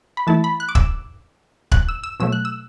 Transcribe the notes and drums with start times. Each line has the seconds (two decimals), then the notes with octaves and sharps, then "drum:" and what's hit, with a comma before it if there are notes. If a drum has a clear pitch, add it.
0.17 B5
0.27 E3 A3 E4 A5
0.44 B5
0.60 F#6
0.69 D6
0.75 E6, drum: kick
1.72 F#6, drum: kick
1.89 E6
2.03 E6
2.20 B2 F#3 A3 E6
2.32 F#6
2.45 E6